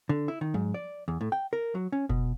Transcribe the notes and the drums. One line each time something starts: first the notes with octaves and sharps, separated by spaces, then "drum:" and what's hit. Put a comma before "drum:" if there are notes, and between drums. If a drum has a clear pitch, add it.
D3
E4
D#3
G#2, drum: tom F3
D5
E2
A2
G5
A#4
F#3
C#4
B2, drum: kick F1